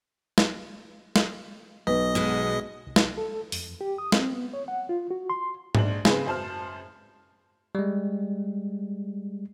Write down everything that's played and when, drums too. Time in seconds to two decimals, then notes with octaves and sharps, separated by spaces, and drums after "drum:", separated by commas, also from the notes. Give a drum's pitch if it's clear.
0.38 drum: snare
1.16 drum: snare
1.87 B1 B4 D#5
2.15 B2 G#3 B3
2.87 C2
2.96 drum: snare
3.18 A4
3.52 F2, drum: open hi-hat
3.81 G4
3.98 D#6
4.12 C4, drum: snare
4.33 B3
4.54 C#5
4.68 F#5
4.89 F4
5.11 F#4
5.30 C6
5.75 A#1 G#2 D4 F#7, drum: tom G#2
6.05 C#3 C4 G#4 B4 C5, drum: snare
6.26 F#2 C5 A5 F6
7.75 G3 G#3